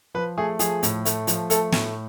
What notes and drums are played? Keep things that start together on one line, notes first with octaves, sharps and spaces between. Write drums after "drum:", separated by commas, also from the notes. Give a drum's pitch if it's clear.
F3 B4
A3 G#4
F3 G#4, drum: hi-hat
A2, drum: hi-hat
A3, drum: hi-hat
F3, drum: hi-hat
A3 A4, drum: hi-hat
A2, drum: snare